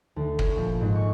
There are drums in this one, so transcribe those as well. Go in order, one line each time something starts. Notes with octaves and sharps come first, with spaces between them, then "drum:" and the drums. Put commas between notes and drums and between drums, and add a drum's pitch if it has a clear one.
D2
C#5, drum: kick
A#1
G#2
C#6